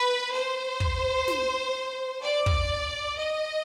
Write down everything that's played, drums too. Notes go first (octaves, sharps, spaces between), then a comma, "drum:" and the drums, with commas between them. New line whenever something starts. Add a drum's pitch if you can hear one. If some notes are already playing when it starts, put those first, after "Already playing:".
Already playing: B4
C5
drum: kick
drum: snare
D5
drum: kick
D#5